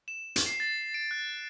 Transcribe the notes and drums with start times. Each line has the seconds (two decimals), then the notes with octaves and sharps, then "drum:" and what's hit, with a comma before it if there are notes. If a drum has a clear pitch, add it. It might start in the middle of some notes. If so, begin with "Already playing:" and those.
0.08 E7
0.36 drum: hi-hat
0.46 C7
0.60 A6
0.94 D7
1.11 F#6